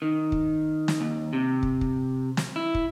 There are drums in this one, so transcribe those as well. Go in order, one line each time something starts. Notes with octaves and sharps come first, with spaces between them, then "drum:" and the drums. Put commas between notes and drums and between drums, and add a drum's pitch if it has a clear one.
D#3
drum: kick
drum: snare
D#2
C3
drum: kick
drum: kick
drum: snare
E4
drum: kick